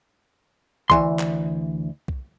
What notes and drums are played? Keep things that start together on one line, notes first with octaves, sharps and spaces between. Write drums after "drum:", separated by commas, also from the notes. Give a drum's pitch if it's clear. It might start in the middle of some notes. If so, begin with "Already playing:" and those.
D2 E3 C6, drum: kick B1
drum: clap
drum: kick B1